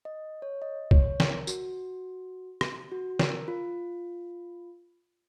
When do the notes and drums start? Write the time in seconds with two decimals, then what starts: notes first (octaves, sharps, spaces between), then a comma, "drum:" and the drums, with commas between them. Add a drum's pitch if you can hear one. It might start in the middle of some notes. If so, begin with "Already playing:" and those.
0.05 D#5
0.42 C#5
0.62 D#5
0.91 C#5, drum: kick
1.20 A#4, drum: snare
1.47 F#4, drum: tambourine
2.61 drum: rim click
2.92 F#4
3.19 A#4, drum: snare
3.48 F4